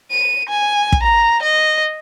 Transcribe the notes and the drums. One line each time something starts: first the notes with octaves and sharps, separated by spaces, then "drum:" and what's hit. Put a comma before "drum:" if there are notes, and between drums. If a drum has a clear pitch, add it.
D#7
G#5
drum: kick
A#5
D#5